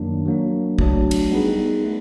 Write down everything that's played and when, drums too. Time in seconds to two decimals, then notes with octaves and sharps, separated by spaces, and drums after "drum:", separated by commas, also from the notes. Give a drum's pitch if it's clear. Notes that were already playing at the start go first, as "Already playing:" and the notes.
Already playing: F#2 D#3 F#3 A#3 D4
0.26 F#3 A#3 D4
0.78 F#3 A3 D4 F#4, drum: kick
1.11 drum: cymbal
1.31 G3 B3 D#4 G#4 B4
1.84 A3